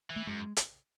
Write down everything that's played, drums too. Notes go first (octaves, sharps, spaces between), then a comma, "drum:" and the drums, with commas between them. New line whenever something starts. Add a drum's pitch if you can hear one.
E3
A3
F#2 G#3
drum: hi-hat